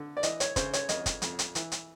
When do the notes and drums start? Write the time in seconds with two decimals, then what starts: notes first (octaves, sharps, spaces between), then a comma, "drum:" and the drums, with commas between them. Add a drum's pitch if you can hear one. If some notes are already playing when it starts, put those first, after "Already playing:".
Already playing: D3
0.17 D5
0.23 E3 D#5, drum: hi-hat
0.40 C#5, drum: hi-hat
0.56 C#3 C5, drum: kick, hi-hat
0.73 C#5, drum: hi-hat
0.89 F2 D#5, drum: hi-hat
1.06 drum: kick, hi-hat
1.22 F2, drum: hi-hat
1.39 drum: hi-hat
1.55 E3, drum: hi-hat
1.72 drum: hi-hat